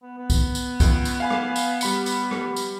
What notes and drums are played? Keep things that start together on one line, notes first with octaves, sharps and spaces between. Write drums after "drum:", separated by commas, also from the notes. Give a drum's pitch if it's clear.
B3
B3
drum: kick, tambourine
drum: tambourine
C#2, drum: kick, tambourine
drum: tambourine
F5 G#5 B5
drum: rim click
drum: tambourine
G3 B5 C#7, drum: tambourine
drum: tambourine
drum: rim click
drum: tambourine